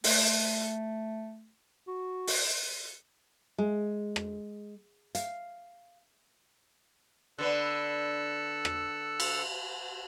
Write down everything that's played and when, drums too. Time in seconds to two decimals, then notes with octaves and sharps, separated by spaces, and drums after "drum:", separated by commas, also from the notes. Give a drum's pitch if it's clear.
0.04 A3, drum: open hi-hat
1.88 F#4
2.27 drum: open hi-hat
3.58 G#3
4.16 drum: rim click
5.15 F5, drum: hi-hat
7.38 D3 B3 A4 E6 F#6
8.65 drum: rim click
9.20 drum: cymbal